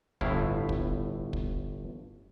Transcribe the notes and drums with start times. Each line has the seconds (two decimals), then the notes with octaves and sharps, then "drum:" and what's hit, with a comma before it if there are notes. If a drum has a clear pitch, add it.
0.21 G1 A2 E4 F5, drum: kick
0.69 drum: kick
1.33 drum: kick